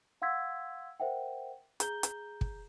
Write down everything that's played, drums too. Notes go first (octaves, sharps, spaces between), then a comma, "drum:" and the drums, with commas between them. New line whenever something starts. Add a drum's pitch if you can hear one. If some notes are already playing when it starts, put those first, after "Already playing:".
F5 F#5 C6 E6 G#6 B6
A#4 C5 E5 F#5 G5
G#4 A#5 G6 G7, drum: hi-hat
drum: hi-hat
drum: kick